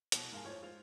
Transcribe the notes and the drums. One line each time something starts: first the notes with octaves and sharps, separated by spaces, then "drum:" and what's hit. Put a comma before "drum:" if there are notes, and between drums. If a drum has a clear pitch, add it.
C2 B2, drum: hi-hat
G#2 A#4 F5 G#5 A5
F2 A2 F4 C5 C#5 G#6
G#2 F4 C5 F7